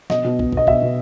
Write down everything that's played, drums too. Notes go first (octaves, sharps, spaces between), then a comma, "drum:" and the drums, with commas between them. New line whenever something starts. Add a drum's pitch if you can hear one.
B2 D#5, drum: snare
B2
B2, drum: kick
B2 D#5, drum: kick
B2 E5, drum: kick
B2